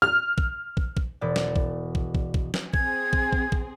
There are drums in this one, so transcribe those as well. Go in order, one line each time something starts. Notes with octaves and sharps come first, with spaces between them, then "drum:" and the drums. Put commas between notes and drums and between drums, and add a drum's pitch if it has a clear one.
F6
drum: kick
drum: kick
drum: kick
E1 B2 D5
drum: snare
drum: kick
drum: kick
drum: kick
drum: kick
drum: snare
C4 G#4 G#6, drum: kick
drum: kick
drum: kick
drum: kick